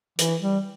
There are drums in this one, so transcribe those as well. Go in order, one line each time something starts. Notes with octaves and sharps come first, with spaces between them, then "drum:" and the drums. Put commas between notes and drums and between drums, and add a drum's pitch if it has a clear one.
E3, drum: hi-hat
G3